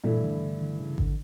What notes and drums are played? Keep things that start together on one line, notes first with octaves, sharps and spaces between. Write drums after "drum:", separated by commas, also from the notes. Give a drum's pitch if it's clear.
G2 A#2 E3 A3 E4
D3
D3
D3
C#3
D3, drum: kick G#1